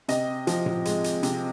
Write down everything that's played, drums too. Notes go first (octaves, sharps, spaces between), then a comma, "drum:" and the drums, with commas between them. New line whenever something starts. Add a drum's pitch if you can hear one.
C3 D#5, drum: hi-hat
F3, drum: hi-hat
drum: tom A2
G#3, drum: hi-hat
drum: hi-hat
C3, drum: hi-hat